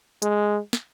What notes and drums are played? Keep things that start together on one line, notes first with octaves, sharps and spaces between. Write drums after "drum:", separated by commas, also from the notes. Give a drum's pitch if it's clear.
G#3, drum: hi-hat
drum: snare